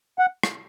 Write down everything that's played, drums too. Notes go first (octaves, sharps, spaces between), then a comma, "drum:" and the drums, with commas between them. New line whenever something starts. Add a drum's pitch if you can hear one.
F#5
drum: rim click